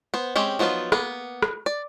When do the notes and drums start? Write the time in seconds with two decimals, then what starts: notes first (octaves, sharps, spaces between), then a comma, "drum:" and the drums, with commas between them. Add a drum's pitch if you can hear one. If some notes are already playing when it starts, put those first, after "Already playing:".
0.14 B3 C5
0.36 G#3 C4 C#4 G4
0.59 F3 F#3 B3 D#4 F4
0.92 A#3 B3, drum: rim click
1.42 drum: rim click
1.66 D5